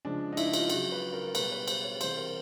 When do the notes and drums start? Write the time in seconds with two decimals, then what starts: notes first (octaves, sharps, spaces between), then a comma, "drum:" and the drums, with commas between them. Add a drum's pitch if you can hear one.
0.05 C#3 F3 G#3 D4
0.33 D#4
0.37 E4, drum: cymbal
0.53 F4, drum: cymbal
0.70 C#3 F#3 F#4, drum: cymbal
0.92 B4
1.13 A#4
1.35 B2 B4, drum: cymbal
1.40 G3
1.52 B4
1.68 C5, drum: cymbal
1.84 C#5
2.01 C3 E3 G3 C5, drum: cymbal
2.17 A#4